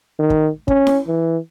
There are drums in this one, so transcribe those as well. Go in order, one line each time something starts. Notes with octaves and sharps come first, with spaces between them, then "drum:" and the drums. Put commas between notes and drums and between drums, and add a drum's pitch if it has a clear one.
D#3
drum: kick
C#4, drum: kick
drum: snare E4
E3